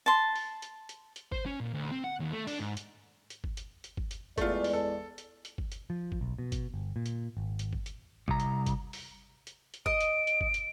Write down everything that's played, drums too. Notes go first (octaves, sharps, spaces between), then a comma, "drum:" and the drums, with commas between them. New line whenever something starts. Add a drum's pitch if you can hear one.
A5 C6
drum: open hi-hat
drum: hi-hat
drum: hi-hat
drum: hi-hat
C5, drum: kick G1
C#4
A#2
D2
C4
F#5
D#2
A3
D4, drum: open hi-hat
G#2
drum: hi-hat
drum: hi-hat
drum: kick G1
drum: hi-hat
drum: hi-hat
drum: kick G1
drum: hi-hat
E2 G#3 A3 F4 D5, drum: kick G1, hi-hat
drum: open hi-hat
A4
drum: hi-hat
drum: hi-hat
drum: kick G1
drum: hi-hat
F3
drum: kick G1
B1
B2
drum: kick G1, hi-hat
G1
A#2
drum: hi-hat
G#1
drum: hi-hat
drum: kick G1
drum: hi-hat
C2 A#5, drum: kick G1
drum: hi-hat
drum: kick G1, hi-hat
drum: open hi-hat
drum: hi-hat
drum: hi-hat
D#5 D7, drum: kick G1
drum: hi-hat
drum: hi-hat
drum: kick G1
drum: hi-hat